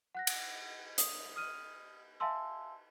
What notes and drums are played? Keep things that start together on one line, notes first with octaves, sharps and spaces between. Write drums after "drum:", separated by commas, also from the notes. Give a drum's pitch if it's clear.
F#5 F#6 A#6
drum: cymbal
D#6, drum: hi-hat
D#6 F6 D#7
E5 F5 G#5 A5 C6 E6